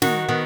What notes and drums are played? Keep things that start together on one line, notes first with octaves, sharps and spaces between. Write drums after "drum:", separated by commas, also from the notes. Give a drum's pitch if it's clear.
D#3 F#4, drum: snare
D#3 B3